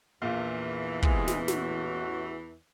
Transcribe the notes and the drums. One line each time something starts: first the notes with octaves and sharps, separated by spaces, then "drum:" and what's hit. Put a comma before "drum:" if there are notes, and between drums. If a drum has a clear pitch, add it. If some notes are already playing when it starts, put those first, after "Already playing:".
A#1 E2 A#2 E3 F5
C3 G#3, drum: kick
drum: snare
A1 F#4, drum: snare